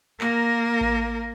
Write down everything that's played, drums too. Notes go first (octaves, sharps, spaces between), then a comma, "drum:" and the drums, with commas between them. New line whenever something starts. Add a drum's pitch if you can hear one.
A#3 A#4, drum: clap
drum: kick A1